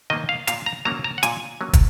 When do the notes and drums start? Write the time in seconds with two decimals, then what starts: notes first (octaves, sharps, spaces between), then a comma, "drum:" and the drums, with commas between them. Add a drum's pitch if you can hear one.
0.10 D#3 A#3 D#5
0.29 F5
0.47 A#2 F5, drum: hi-hat
0.66 A#5
0.85 F#3 A#3 C#4 A#5
1.04 A#5
1.18 F#5
1.23 A#2 G#5, drum: hi-hat
1.61 F#3 A#3 C#4
1.73 drum: kick, hi-hat